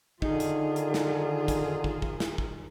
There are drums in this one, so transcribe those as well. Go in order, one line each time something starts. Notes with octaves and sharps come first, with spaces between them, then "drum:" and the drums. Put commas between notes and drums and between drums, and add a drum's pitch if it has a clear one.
D3 D#3 D#4 F4 G#4, drum: kick
drum: hi-hat
drum: hi-hat
drum: snare
drum: kick, hi-hat
drum: kick
drum: kick
drum: snare
drum: kick